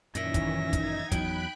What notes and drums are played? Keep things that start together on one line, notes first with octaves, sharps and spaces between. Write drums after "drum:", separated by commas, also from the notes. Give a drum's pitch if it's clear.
F#2 A#2 D#3 E3 C#4 E5 A#6, drum: hi-hat
drum: kick, hi-hat
D#4 G#6
drum: kick, hi-hat
E2 F#3 G5 B5 F#6 D7, drum: kick, hi-hat